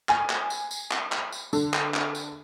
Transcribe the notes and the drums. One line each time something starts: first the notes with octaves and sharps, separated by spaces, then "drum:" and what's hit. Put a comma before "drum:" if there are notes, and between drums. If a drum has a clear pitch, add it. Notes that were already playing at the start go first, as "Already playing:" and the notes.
G#5, drum: clap
drum: clap
drum: tambourine
drum: tambourine
drum: clap
drum: clap
drum: tambourine
D3, drum: tambourine
drum: clap
drum: clap
drum: tambourine